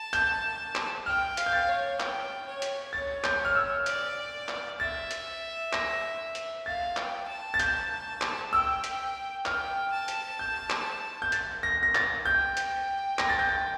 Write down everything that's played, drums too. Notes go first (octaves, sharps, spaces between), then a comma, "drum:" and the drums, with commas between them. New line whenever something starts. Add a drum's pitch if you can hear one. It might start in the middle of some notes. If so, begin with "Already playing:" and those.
Already playing: A5
G6, drum: hi-hat
drum: clap
G5 F6
F5, drum: hi-hat
G6
A6
C#5
G5, drum: clap
C#5
drum: hi-hat
C#5 A6
G6, drum: clap
F6
E6
D5, drum: hi-hat
drum: clap
E5 A6
drum: hi-hat
A#6, drum: clap
drum: hi-hat
F5 A6
G5, drum: clap
A5
A6
G6, drum: hi-hat
drum: clap
G5 E6
drum: hi-hat
G5 F6, drum: clap
A5
drum: hi-hat
G6
drum: clap
G6
A6, drum: hi-hat
A#6
A#6
A6, drum: clap
G5 G6
drum: hi-hat
A#6, drum: clap
A6
G6
A6